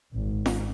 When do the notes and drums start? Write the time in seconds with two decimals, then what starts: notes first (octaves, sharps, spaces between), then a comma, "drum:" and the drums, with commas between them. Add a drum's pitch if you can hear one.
0.13 G#1
0.46 drum: snare